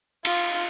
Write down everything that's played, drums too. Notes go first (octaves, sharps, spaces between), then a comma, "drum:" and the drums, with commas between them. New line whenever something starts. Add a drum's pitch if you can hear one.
F4, drum: cymbal